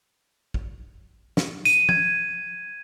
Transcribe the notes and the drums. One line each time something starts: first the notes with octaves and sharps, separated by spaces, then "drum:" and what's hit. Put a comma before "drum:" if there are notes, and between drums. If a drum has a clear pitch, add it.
drum: kick
drum: snare
D#7, drum: tambourine
G#6, drum: tom F3